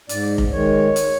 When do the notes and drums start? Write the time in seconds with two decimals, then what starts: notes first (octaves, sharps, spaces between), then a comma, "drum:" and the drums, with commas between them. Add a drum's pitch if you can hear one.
0.09 G#2 D5, drum: hi-hat
0.38 drum: kick F1
0.52 D#3 G#3 C#5
0.96 drum: hi-hat